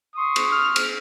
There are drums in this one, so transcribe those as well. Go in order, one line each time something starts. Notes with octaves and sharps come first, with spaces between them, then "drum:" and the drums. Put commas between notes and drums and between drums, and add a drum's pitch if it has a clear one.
C6 C#6 D#6
drum: cymbal
F6
drum: cymbal